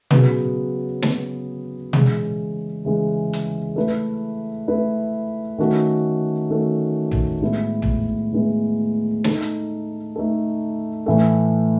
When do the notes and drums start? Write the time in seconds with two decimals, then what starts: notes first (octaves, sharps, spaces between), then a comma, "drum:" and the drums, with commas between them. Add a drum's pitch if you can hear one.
0.11 C#3 F#3 B3, drum: tom
1.02 C#3 F#3 B3, drum: snare
1.93 C#3 E3 G#3, drum: tom
2.85 C#3 E3 G#3
3.33 drum: hi-hat
3.76 A3 E4 B4
4.68 A3 E4 B4
5.58 D#3 A3 C#4 F#4 A4
6.50 D#3 A3 C#4 F#4 A4
7.11 drum: tom
7.41 A2 G#3 B3 E4
7.82 drum: tom
8.32 A2 G#3 B3 E4
9.24 A3 D#4 A4, drum: snare
9.42 drum: hi-hat
10.16 A3 D#4 A4
11.06 A2 E3 A3